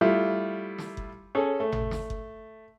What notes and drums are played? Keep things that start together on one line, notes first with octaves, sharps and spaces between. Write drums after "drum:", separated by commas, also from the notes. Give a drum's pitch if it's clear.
G3 A3 E4 F4
drum: snare
drum: kick F#1
C#4 G#4 A4
A3
drum: tom G#1
drum: snare
drum: kick F#1